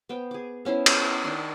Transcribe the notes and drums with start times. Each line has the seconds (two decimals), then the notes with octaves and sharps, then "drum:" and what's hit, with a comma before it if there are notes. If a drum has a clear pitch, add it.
0.09 B3 C5 G5
0.31 G#4 D6
0.65 B3 C#4 E4 C5
0.86 G#4, drum: cymbal
1.24 D#3 D4 G5 C6